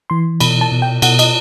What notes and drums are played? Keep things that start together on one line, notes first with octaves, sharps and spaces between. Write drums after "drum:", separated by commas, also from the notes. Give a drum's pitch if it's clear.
E3 C6
B2 B5, drum: cymbal
A5
B2
G5
B2 F#5, drum: cymbal
D#5, drum: cymbal